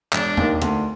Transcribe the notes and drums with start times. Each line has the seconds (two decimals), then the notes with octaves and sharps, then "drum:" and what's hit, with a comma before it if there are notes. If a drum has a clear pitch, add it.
0.13 E1 D4, drum: clap
0.37 D#2 D#3, drum: tom E2
0.62 D2, drum: hi-hat